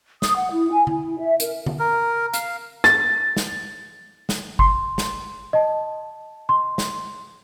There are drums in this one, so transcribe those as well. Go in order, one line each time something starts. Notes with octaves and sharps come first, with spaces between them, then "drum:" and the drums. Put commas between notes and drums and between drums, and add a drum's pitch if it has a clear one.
D#6, drum: snare
F#5
E4
G#5
E4, drum: tom D3
E5
A#4, drum: hi-hat
drum: tom D3
A#4
F5, drum: hi-hat
A6, drum: rim click
drum: snare
drum: snare
C6, drum: kick G#1
drum: snare
D#5 A5
C6
drum: snare